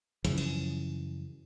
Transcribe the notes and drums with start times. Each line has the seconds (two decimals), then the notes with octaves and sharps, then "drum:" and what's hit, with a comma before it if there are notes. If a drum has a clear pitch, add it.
0.25 F#2 C#3 E3 F3, drum: hi-hat
0.38 drum: cymbal